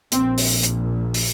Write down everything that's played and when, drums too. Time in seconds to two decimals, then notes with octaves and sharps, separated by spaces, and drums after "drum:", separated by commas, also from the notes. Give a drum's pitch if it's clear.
0.12 A#1 A#2 C4, drum: hi-hat
0.38 drum: open hi-hat
0.63 drum: hi-hat
1.14 drum: open hi-hat